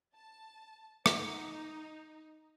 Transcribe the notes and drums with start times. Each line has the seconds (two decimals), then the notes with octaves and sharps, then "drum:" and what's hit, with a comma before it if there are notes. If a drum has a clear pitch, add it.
0.15 A5
1.06 D#4, drum: rim click